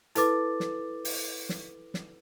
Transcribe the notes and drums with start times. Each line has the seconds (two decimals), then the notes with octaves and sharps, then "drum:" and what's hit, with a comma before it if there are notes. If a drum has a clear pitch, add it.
0.15 E4 A4 B4 D6 A6, drum: hi-hat
0.60 drum: snare
1.05 drum: open hi-hat
1.49 drum: snare
1.94 drum: snare